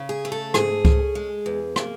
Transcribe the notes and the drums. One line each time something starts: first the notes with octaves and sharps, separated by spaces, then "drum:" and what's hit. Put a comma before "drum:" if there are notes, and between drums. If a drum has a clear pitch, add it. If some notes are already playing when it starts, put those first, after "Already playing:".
Already playing: C#3
G#4
A3
A4
G#2 G#4, drum: rim click
C#4, drum: kick C#2
G#3
E2
A#3, drum: rim click